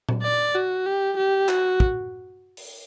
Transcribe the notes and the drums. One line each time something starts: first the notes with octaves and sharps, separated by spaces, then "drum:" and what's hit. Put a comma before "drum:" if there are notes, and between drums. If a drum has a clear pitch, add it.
drum: tom A#2
D5
F#4
G4
G4
F#4, drum: clap
drum: kick
drum: open hi-hat